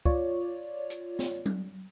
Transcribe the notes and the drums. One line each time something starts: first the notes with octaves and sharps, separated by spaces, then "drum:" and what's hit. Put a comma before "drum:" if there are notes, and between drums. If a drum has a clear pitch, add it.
F4 C#5 D5, drum: kick
drum: hi-hat
drum: snare
drum: tom F#3